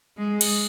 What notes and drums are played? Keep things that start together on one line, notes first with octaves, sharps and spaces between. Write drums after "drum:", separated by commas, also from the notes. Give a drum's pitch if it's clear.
G#3
drum: cymbal